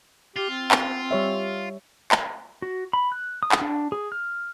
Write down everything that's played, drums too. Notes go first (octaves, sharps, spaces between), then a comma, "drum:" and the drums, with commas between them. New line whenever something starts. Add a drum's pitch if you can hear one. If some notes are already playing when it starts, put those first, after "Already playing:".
F4 G4
C4
drum: clap
G3 C#5 E5
drum: clap
F#4
B5
F#6
D#6
drum: clap
D4
G#4
F6